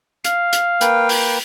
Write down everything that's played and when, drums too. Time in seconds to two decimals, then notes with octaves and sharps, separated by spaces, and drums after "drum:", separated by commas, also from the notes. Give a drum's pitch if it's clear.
0.24 F5, drum: hi-hat
0.53 drum: hi-hat
0.81 A#3 B4 G5, drum: hi-hat
1.09 drum: open hi-hat